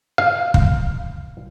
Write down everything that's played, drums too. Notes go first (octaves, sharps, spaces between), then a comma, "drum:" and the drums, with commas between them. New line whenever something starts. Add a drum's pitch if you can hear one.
F5
drum: kick